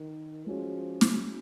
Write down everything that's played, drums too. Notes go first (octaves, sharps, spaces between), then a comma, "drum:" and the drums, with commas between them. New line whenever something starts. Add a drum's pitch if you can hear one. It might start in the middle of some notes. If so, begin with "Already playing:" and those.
Already playing: D#3
F3 G#3 C#4 F#4
drum: snare